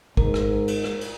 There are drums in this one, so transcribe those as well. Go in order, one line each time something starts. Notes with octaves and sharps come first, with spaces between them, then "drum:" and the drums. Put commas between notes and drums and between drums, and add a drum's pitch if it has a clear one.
G#2 A#4, drum: kick
drum: rim click
drum: cymbal
drum: rim click
drum: cymbal